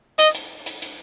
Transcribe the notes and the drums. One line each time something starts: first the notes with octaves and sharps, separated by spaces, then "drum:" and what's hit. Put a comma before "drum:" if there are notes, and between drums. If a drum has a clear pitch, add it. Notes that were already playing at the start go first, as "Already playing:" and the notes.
D#5, drum: hi-hat
drum: hi-hat
drum: hi-hat
drum: hi-hat